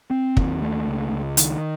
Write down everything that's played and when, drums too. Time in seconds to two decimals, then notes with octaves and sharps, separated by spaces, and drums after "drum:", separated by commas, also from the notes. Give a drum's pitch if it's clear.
0.11 C4
0.37 D#2, drum: kick
0.62 A3
0.87 C#2
1.12 C#2
1.37 D#3, drum: hi-hat